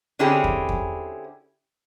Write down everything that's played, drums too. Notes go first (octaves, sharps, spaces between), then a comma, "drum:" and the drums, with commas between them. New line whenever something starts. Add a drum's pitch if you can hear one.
D3 C4 C#4 E4 G4 G#4
drum: kick E2
drum: kick E2